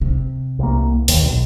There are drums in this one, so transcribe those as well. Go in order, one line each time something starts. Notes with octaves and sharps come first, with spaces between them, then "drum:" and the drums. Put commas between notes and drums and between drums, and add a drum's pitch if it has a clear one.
C3
C2 A#3
D#2 A#2 D#3, drum: open hi-hat
B1 F3